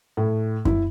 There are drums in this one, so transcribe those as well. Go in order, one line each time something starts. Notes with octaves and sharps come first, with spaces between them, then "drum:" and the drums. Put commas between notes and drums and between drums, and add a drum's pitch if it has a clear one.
A2
E4, drum: kick F#2